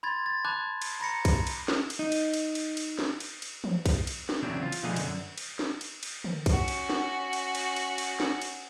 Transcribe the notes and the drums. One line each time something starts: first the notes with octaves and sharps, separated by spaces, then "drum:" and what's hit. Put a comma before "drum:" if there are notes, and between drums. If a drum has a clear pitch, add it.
B5 C6 G#6 A6
A6
A5 B5 D6 F#6 G#6
drum: cymbal
A#5 B5 A#6 C#7
drum: kick, cymbal
drum: cymbal
drum: snare
drum: cymbal
D#4
drum: cymbal
drum: cymbal
drum: cymbal
drum: cymbal
drum: snare
drum: cymbal
drum: cymbal
drum: tom E3
drum: kick, cymbal
drum: cymbal
drum: snare
E2 C#3 F#3 C4 D4
F4
drum: cymbal
B2 F3 A3 D4 D#4 G#4
F#2 D3, drum: cymbal
drum: cymbal
drum: snare
drum: cymbal
drum: cymbal
drum: tom D3
C#4 F#4, drum: kick, cymbal
drum: cymbal
drum: snare
drum: cymbal
drum: cymbal
drum: cymbal
drum: cymbal
drum: snare
drum: cymbal